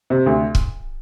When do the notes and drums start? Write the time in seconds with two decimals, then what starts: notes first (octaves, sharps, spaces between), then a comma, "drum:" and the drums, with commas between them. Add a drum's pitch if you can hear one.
0.10 C3
0.26 D2
0.55 drum: kick